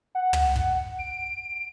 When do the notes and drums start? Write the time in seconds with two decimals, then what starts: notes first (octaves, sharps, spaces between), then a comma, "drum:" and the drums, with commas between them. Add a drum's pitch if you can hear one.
0.15 F#5
0.33 drum: tom
0.56 drum: kick
0.98 D7